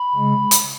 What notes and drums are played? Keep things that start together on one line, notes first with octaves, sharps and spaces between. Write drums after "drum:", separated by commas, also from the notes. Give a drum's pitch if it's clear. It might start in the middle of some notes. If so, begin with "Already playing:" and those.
Already playing: B5
C#3 G#3
drum: hi-hat